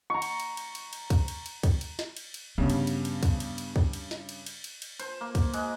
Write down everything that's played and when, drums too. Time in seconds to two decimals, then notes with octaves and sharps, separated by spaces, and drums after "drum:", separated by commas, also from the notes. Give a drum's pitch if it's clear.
0.10 A#5 C#6
0.22 drum: cymbal
0.40 drum: cymbal
0.57 drum: cymbal
0.75 drum: cymbal
0.93 drum: cymbal
1.10 drum: kick, cymbal
1.28 drum: cymbal
1.46 drum: cymbal
1.63 drum: kick, cymbal
1.81 drum: cymbal
1.99 drum: snare
2.17 drum: cymbal
2.34 drum: cymbal
2.58 G2 C#3 B3
2.70 drum: cymbal
2.87 drum: cymbal
3.05 drum: cymbal
3.23 drum: kick, cymbal
3.40 drum: cymbal
3.58 drum: cymbal
3.76 drum: kick
3.93 drum: cymbal
4.11 drum: snare
4.29 drum: cymbal
4.46 drum: cymbal
4.64 drum: cymbal
4.82 drum: cymbal
5.00 C5, drum: cymbal
5.21 A#3
5.35 drum: kick, cymbal
5.54 G#3, drum: cymbal